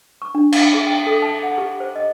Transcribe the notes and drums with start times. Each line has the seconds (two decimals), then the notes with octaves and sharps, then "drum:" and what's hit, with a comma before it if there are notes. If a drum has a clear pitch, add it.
0.22 C#6
0.35 D4
0.52 F5, drum: cymbal
0.74 G#4
0.87 G5
1.07 A4
1.22 A5
1.43 F#5
1.58 G4
1.80 C5
1.96 D#5